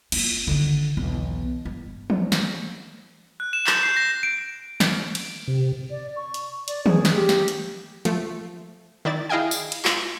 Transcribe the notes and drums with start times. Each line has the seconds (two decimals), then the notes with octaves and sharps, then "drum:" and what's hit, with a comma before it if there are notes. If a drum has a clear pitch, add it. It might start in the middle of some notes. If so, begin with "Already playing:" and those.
0.12 A#3 F4, drum: cymbal
0.47 D3 D#3
0.97 B1 E2
1.65 G2
2.10 drum: tom E3
2.32 drum: snare
3.40 F#6
3.53 E7
3.67 G6, drum: clap
3.83 C7
3.97 A#6
4.23 D7
4.80 drum: snare
5.15 drum: cymbal
5.48 C3
5.91 D5
6.16 C#6
6.34 drum: hi-hat
6.68 D5, drum: hi-hat
6.86 G#4, drum: tom D#3
7.05 drum: snare
7.15 G4
7.29 drum: snare
7.48 drum: hi-hat
8.05 F3 A3, drum: hi-hat
9.05 D#3 E4 D5 A6
9.29 E4 G#4 D#5 F5 G5 G#5
9.51 drum: tambourine
9.72 drum: cymbal
9.85 F4, drum: clap